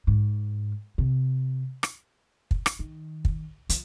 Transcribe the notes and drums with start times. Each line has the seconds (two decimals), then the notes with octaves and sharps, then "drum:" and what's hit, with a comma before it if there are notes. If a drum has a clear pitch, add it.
0.07 G#2
0.98 C3
1.83 drum: rim click
2.51 drum: kick
2.66 drum: rim click
2.79 D#3
3.25 drum: kick
3.69 F3, drum: hi-hat